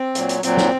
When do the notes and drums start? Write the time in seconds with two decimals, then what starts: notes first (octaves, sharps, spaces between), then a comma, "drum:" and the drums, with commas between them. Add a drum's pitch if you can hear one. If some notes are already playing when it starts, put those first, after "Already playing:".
Already playing: C4
0.15 A#2 F#3, drum: hi-hat
0.29 drum: hi-hat
0.43 A#2 F#3 C4, drum: hi-hat
0.57 drum: snare